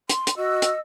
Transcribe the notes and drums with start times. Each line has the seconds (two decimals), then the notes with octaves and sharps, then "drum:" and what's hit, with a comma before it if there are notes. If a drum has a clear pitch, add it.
0.09 C6, drum: hi-hat
0.27 drum: hi-hat
0.37 F#4 D#5 E6
0.62 drum: hi-hat